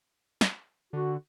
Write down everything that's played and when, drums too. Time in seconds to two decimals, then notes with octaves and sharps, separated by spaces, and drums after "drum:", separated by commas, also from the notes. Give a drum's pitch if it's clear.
0.41 drum: snare
0.93 D3 F#4